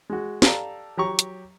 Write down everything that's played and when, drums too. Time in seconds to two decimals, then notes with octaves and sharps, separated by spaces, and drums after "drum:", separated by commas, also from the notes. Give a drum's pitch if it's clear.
0.10 G#3 F#4
0.42 G4 A4 D5 F5 A#5, drum: snare
0.97 F#3 G4 A#5 C#6
1.19 drum: hi-hat